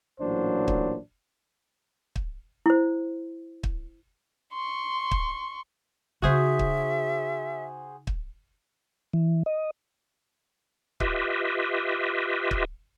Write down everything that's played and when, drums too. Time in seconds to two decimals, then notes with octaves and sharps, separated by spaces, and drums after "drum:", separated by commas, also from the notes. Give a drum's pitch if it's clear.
0.20 A1 A#2 F#3 D4 C5
0.68 drum: kick
2.16 drum: kick
2.66 E4 C5
3.63 drum: kick
4.53 C6 C#6
5.11 drum: kick
6.22 C#3 D#4 F#4 G#4 C5 E5
6.59 drum: kick
8.07 drum: kick
9.13 E3
9.46 D#5
11.00 F4 G4 B4 D#5 E5, drum: kick
12.51 drum: kick